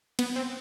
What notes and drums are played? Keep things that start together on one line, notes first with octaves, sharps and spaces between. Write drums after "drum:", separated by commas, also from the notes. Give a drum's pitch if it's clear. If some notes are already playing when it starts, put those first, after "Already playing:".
B3, drum: cymbal
C4